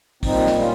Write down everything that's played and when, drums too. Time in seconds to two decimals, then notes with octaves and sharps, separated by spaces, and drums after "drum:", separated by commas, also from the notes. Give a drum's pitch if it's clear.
0.23 A#2 G3 C4 D#4, drum: kick, open hi-hat
0.47 drum: snare
0.58 C#4 F4